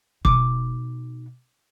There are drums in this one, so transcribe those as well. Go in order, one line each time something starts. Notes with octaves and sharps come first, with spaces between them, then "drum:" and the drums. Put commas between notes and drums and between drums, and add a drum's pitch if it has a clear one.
B2 D#4 D6, drum: kick